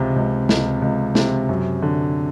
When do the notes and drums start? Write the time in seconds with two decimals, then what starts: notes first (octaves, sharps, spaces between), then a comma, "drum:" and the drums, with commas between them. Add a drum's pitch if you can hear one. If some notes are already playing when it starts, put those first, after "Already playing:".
Already playing: C#2 C3
0.16 C#2
0.49 C#2, drum: snare
0.82 C#2
1.15 C3, drum: snare
1.49 F#2
1.82 D3